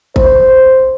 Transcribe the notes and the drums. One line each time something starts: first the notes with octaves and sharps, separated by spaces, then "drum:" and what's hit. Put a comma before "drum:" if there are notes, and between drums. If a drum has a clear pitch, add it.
C5, drum: kick G#1